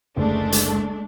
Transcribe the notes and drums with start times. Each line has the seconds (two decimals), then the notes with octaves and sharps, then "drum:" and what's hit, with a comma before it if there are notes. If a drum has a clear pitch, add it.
0.17 F#1 D2 G#3 A3 D4
0.52 drum: hi-hat